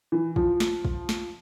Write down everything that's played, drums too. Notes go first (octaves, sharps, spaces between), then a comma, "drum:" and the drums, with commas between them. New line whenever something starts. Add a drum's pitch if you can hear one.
E3
F3, drum: kick
drum: snare
drum: kick
drum: snare